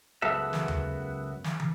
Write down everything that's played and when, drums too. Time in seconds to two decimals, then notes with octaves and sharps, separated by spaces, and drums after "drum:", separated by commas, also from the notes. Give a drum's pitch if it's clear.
0.22 C#2 F#2 B3 F#4 A4 E5
0.53 drum: snare
0.68 drum: tom D#2
1.44 drum: snare
1.60 drum: tom